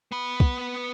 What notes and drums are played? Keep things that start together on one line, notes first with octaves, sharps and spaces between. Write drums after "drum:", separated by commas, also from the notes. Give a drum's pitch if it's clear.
B3 B5
drum: kick